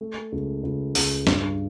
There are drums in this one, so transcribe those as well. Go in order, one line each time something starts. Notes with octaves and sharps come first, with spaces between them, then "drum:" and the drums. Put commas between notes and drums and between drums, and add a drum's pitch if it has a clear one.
A3
C#2
C#2
C#2, drum: open hi-hat
G2, drum: snare